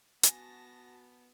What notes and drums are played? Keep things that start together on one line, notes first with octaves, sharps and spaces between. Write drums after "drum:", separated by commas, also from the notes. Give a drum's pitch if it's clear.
B3 F#4 G#5 A5 A#6, drum: hi-hat